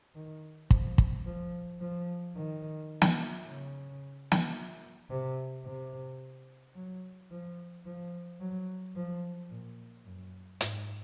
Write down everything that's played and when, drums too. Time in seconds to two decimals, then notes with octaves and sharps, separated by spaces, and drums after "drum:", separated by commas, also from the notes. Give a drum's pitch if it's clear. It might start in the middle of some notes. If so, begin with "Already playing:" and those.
0.15 D#3
0.71 F3, drum: kick
0.98 drum: kick
1.25 F3
1.81 F3
2.36 D#3
3.02 drum: snare
3.46 C#3
4.32 drum: snare
5.10 C3
5.65 C3
6.75 F#3
7.31 F3
7.86 F3
8.40 F#3
8.96 F3
9.50 A#2
10.05 F#2
10.61 G#2, drum: hi-hat